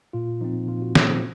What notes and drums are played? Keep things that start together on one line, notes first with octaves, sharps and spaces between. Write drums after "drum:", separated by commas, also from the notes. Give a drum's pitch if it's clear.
A#2 F4
F3 C4 D#4
A#2 F4
F#4
F3 C4 A4, drum: snare
C5